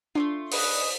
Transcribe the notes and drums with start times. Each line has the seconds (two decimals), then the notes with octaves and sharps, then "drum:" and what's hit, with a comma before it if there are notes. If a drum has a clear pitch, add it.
0.15 A3 C#4 D4 F4
0.52 D#4 G#4 B4 D#5, drum: open hi-hat